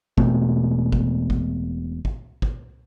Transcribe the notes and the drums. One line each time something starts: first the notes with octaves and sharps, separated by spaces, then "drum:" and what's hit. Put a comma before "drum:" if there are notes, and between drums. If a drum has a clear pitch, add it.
E1 B2 A3 C4, drum: kick
drum: kick
drum: kick
drum: kick
drum: kick